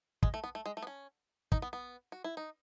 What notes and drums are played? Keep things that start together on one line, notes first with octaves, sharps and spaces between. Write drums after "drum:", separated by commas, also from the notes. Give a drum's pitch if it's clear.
G#3, drum: kick
A3
B3
A3
G#3
A3
B3
C#4
D#4, drum: kick
B3
B3
F#4
E4
D#4